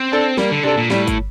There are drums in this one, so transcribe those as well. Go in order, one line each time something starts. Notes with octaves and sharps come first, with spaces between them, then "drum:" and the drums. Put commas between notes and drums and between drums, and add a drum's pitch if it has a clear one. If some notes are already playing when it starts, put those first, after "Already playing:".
Already playing: C4
D4 A4
G3 A#3, drum: snare
D3
C3 D4 A4
A#2
A2 G3, drum: snare
drum: kick G1, hi-hat